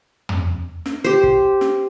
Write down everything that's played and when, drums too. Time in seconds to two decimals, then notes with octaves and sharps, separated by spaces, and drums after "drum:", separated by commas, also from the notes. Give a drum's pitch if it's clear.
0.29 drum: tom
0.86 drum: snare
1.04 G4 C5
1.23 drum: kick
1.61 drum: snare